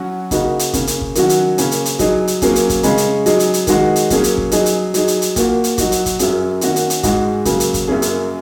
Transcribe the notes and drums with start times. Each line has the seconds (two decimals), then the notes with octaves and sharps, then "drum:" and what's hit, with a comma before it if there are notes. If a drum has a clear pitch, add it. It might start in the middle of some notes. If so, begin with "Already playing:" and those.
Already playing: F#3 C#4 F#4
0.31 C#3 A#3 D#4 F#4, drum: kick G1, hi-hat
0.59 drum: hi-hat
0.73 C#3 A#3 C#4, drum: kick G1, hi-hat
0.87 drum: hi-hat
1.01 drum: kick G1
1.15 D#3 F#3 C#4 F#4, drum: hi-hat
1.29 drum: hi-hat
1.58 C#3 A#3 C#4, drum: hi-hat
1.71 drum: hi-hat
1.85 drum: hi-hat
1.99 F#3 D#4 G#4, drum: kick G1, hi-hat
2.27 drum: hi-hat
2.42 F#3 A#3 C#4 G#4, drum: kick G1, hi-hat
2.56 drum: hi-hat
2.70 drum: kick G1, hi-hat
2.83 C#3 G#3 C#4, drum: hi-hat
2.98 drum: hi-hat
3.26 F#3 D#4 G#4, drum: hi-hat
3.40 drum: hi-hat
3.54 drum: hi-hat
3.67 D#3 G#3 D#4 F#4, drum: kick G1, hi-hat
3.96 drum: hi-hat
4.10 F#3 A#3 C#4 G#4, drum: kick G1, hi-hat
4.24 drum: hi-hat
4.38 drum: kick G1
4.52 F#3 D#4 G#4, drum: hi-hat
4.66 drum: hi-hat
4.94 F#3 D#4 G#4, drum: hi-hat
5.08 drum: hi-hat
5.22 drum: hi-hat
5.36 A#2 A#3 F#4, drum: kick G1, hi-hat
5.64 drum: hi-hat
5.78 F#3 D#4 F#4, drum: kick G1, hi-hat
5.92 drum: hi-hat
6.06 drum: kick G1, hi-hat
6.19 F#2 F#3 C#4 G#4, drum: hi-hat
6.61 D#3 A#3 C#4 F#4, drum: hi-hat
6.76 drum: hi-hat
6.90 drum: hi-hat
7.03 G#2 G#3 D#4 F#4, drum: kick G1, hi-hat
7.45 C#3 F#3 A#3 C#4 G#4, drum: kick G1, hi-hat
7.60 drum: hi-hat
7.74 drum: kick G1, hi-hat
7.88 F#2 F#3 A#3 C#4 G#4
8.02 drum: hi-hat